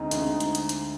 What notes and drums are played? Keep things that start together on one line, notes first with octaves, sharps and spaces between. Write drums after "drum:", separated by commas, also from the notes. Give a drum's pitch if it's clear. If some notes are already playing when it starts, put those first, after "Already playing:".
Already playing: D2 D3 G#3 C4 D#4
D2 D3 G#3 C4, drum: hi-hat
drum: hi-hat
drum: hi-hat
drum: hi-hat